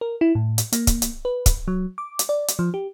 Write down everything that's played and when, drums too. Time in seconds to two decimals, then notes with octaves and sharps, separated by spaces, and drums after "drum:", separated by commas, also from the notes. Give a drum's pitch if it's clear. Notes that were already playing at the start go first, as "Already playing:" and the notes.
0.01 A#4
0.21 E4
0.35 A2
0.58 drum: hi-hat
0.72 A#3, drum: hi-hat
0.87 drum: kick, hi-hat
1.02 drum: hi-hat
1.25 B4
1.46 drum: kick, hi-hat
1.68 F#3
1.98 D6
2.19 drum: hi-hat
2.29 D5
2.48 drum: hi-hat
2.59 F3
2.74 G4